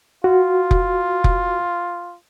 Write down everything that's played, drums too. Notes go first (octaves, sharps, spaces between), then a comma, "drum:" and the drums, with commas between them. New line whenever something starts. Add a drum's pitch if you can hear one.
F4 F#4
drum: kick F1
drum: kick F1